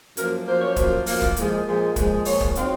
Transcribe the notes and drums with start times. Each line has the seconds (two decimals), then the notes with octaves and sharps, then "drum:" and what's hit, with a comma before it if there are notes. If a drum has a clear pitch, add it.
0.17 F#2 F3 A#3 A#4, drum: hi-hat
0.47 F#2 F3 A#3 C5
0.59 C#5
0.71 C5
0.76 F#2 F3 A#3, drum: kick, hi-hat
1.06 F#2 F3 A#3, drum: open hi-hat
1.22 drum: kick
1.36 A#2 F3 G#3, drum: hi-hat
1.67 A#2 F3 G#3
1.96 A#2 F3 G#3, drum: kick, hi-hat
2.25 A#2 F3 G#3 C#5, drum: open hi-hat
2.41 drum: kick
2.55 F#3 C4 D#4 F5, drum: hi-hat